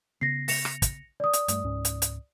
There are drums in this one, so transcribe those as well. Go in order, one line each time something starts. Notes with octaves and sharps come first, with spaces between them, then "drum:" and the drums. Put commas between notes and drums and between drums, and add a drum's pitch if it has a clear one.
C#3 B3 A#6 C7
A#6 C#7 F7, drum: open hi-hat
drum: rim click
drum: kick, hi-hat
D5 D#6
drum: hi-hat
G2 A3, drum: hi-hat
C#2 G#2 C#4
drum: hi-hat
drum: hi-hat